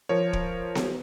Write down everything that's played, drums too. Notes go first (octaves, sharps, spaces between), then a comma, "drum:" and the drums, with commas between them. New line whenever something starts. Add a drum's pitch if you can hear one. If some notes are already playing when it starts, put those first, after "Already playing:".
F3 A#4 C#5
drum: kick D1
drum: snare B3